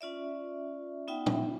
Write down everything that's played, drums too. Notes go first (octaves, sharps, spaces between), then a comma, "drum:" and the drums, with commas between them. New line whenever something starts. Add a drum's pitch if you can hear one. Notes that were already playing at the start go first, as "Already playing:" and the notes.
C#4 F4 D5 E5
B3 D#4 F4 E5 F#5 G5
drum: tom